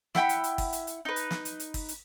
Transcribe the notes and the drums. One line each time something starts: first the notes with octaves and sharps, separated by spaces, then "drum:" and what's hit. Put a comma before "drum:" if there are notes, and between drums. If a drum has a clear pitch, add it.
E4 F#5 G5 B5, drum: snare
drum: hi-hat
drum: hi-hat
drum: kick, open hi-hat
drum: hi-hat
drum: hi-hat
D#4 B4
drum: hi-hat
drum: snare
drum: hi-hat
drum: hi-hat
drum: kick, open hi-hat
drum: hi-hat